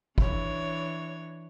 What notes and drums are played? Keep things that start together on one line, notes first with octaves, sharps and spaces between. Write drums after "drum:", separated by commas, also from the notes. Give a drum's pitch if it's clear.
E3 D4 C#5, drum: kick